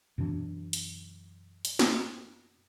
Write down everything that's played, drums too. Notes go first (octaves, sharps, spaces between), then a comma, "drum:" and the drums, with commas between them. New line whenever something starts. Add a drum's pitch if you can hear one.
F#2 B2 E3 D4
drum: hi-hat
drum: hi-hat
drum: snare